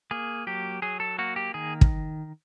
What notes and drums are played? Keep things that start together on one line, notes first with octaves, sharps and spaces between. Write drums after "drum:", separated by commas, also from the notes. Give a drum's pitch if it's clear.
A#3 G#4
F#3 G4
F#3 G#4
A4
A#3 F#4
G4
D#3 G#4
drum: kick